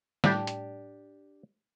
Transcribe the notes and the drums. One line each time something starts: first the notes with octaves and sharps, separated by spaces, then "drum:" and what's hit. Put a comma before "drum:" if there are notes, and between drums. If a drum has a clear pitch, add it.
A2 G3 D4 G4, drum: snare
drum: hi-hat